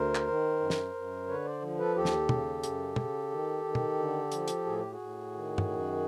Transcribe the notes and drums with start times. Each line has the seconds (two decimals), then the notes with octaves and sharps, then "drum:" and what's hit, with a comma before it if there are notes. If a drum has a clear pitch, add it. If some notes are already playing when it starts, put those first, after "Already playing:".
Already playing: D2 A#4 C5
0.15 drum: clap
0.27 D#3
0.60 F#2
0.70 drum: snare
0.94 F#2
1.27 D3 B4 C#5
1.45 C5 D5
1.61 F3
1.78 A4 B4
1.96 D#2 G4 A4
2.05 drum: snare
2.29 C#3, drum: tom
2.63 F#2, drum: hi-hat
2.96 C#3, drum: tom
3.31 D#3
3.64 D#3
3.75 drum: tom
3.99 D3
4.32 F3, drum: hi-hat
4.48 drum: hi-hat
4.65 A2 G#4
4.79 G4
4.91 F#4 G#4
5.00 A2
5.34 D#3
5.58 drum: tom
5.68 F#2